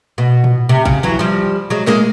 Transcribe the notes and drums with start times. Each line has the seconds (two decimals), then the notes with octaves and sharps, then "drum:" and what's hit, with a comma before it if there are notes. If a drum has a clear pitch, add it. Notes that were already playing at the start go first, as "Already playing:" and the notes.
0.18 B2
0.44 drum: tom A2
0.69 C3
0.85 C#3, drum: kick A1
1.03 E3 F#3
1.19 F3 G3
1.70 F#3 G#3
1.87 G#3 A#3, drum: snare